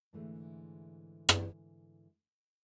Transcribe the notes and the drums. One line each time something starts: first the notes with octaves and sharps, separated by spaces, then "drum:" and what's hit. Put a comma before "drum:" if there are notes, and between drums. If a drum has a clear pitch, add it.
G#2 D3 E3 G#3 A3
drum: rim click